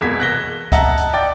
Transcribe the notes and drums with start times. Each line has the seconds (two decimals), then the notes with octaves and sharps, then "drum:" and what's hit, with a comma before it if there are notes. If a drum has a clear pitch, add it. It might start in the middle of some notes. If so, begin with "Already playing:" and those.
0.01 E1 E2 B2 A#3 G#6 B6
0.20 F#6 A#6 G7
0.72 D#5 E5 F#5 A5 A#5, drum: kick C#2, hi-hat
0.97 drum: hi-hat
1.13 D5 G5 D6 A6